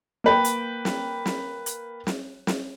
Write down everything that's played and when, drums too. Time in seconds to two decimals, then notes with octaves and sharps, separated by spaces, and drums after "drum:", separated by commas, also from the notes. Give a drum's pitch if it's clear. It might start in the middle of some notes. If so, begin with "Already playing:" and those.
0.24 A#3 B4 G5
0.44 drum: hi-hat
0.85 drum: snare
1.26 drum: snare
1.66 drum: hi-hat
2.07 drum: snare
2.47 drum: snare